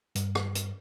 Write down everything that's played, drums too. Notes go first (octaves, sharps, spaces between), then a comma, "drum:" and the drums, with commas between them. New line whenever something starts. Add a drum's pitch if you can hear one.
G2, drum: hi-hat
drum: rim click
drum: hi-hat